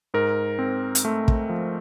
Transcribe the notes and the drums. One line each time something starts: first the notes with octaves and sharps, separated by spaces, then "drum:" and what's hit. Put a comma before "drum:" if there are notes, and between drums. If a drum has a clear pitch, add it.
G#2 A#4
C4
drum: hi-hat
A3
drum: kick
F3